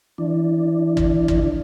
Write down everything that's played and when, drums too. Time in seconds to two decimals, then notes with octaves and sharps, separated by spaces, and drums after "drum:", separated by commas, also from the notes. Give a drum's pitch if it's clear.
0.18 E3 D4
0.97 drum: kick
1.28 drum: kick